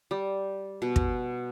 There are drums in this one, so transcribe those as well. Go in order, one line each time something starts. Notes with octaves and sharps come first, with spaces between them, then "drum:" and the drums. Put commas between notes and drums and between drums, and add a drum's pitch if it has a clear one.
G3
B2
drum: kick